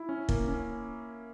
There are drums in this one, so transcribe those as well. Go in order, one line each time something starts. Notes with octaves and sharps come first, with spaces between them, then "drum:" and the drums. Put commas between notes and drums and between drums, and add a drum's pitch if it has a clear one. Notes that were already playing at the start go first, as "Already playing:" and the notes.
Already playing: E4
C#4
A#3, drum: kick
C#4